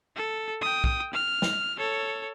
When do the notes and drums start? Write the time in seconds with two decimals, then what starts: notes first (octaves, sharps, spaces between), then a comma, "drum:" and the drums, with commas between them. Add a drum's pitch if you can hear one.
0.16 A4
0.61 G5 D#6
0.84 drum: kick
1.13 F6
1.42 drum: snare
1.78 A4 C#5